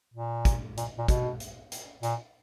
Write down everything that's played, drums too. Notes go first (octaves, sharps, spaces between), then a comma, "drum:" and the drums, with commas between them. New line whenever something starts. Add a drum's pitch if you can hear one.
A#2
drum: kick, hi-hat
A#2, drum: hi-hat
A#2
B2, drum: kick, hi-hat
drum: hi-hat
drum: hi-hat
A#2, drum: hi-hat